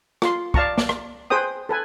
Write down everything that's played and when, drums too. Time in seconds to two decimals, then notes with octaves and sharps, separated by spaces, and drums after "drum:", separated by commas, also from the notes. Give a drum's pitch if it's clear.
0.22 F4 C6, drum: rim click
0.54 D5 F5 A5 A#5 C#6, drum: kick
0.78 D6, drum: snare
0.89 drum: rim click
1.30 G#4 B4 C5 G5 D#6
1.69 A4 B4 G#5